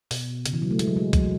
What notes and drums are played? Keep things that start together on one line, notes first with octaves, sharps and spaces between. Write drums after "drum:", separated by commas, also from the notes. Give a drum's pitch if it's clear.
B2, drum: open hi-hat
C#3, drum: hi-hat
E3
F#3
A3
G#3, drum: hi-hat
F#3
G#3
F#3, drum: kick B1, hi-hat